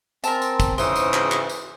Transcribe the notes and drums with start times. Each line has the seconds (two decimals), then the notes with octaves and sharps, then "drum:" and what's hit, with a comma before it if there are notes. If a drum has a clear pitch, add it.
0.24 C4 A#4 G#5 A5 C6, drum: tambourine
0.42 drum: tambourine
0.60 drum: kick, tambourine
0.78 G#2 C#3 E3 C5 D#6, drum: tambourine
0.96 drum: tambourine
1.14 drum: clap
1.31 drum: clap
1.49 drum: tambourine